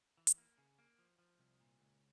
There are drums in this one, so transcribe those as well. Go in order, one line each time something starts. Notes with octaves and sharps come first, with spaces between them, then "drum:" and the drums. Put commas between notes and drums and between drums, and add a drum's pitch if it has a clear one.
E3
drum: hi-hat
A#3
C#3
A#3
F3
F3
C2
A#2
C#2